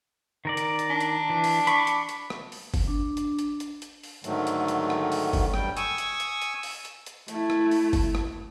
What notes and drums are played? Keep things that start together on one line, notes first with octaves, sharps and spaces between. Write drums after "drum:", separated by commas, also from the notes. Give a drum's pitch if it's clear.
D#3 A#4 D5
drum: hi-hat
drum: hi-hat
D4
drum: hi-hat
E3
drum: open hi-hat
B5 C#6 D6, drum: hi-hat
drum: hi-hat
drum: hi-hat
drum: rim click
drum: open hi-hat
drum: kick G1, open hi-hat
D4
drum: hi-hat
drum: hi-hat
drum: hi-hat
drum: hi-hat
drum: open hi-hat
G#2 D3 D#3 F#3 A3, drum: hi-hat
drum: hi-hat
drum: hi-hat
drum: rim click
drum: open hi-hat
drum: kick G1, open hi-hat
G2 G3 G5, drum: rim click
G#5 C#6 D#6 E6, drum: hi-hat
drum: hi-hat
drum: hi-hat
drum: hi-hat
drum: open hi-hat
drum: hi-hat
drum: hi-hat
A3 E4, drum: hi-hat
drum: rim click
drum: open hi-hat
drum: kick G1, open hi-hat
drum: rim click